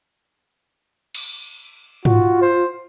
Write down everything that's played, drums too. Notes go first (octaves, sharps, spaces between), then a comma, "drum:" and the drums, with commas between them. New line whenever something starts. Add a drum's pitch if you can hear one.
drum: cymbal
F4 F#4, drum: tom G#2
C5